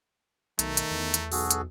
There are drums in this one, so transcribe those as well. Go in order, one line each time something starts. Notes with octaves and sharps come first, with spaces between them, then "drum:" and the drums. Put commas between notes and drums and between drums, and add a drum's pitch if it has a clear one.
B1 D#3 A3 A#5, drum: hi-hat
drum: hi-hat
E2
drum: hi-hat
B1 F#4 G#4 A4, drum: open hi-hat
drum: hi-hat